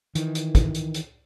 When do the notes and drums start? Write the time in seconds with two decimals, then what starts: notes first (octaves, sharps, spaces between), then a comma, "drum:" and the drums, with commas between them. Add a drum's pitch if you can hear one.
0.15 D#3 E3, drum: hi-hat
0.35 drum: hi-hat
0.55 drum: kick, hi-hat
0.75 drum: hi-hat
0.94 drum: hi-hat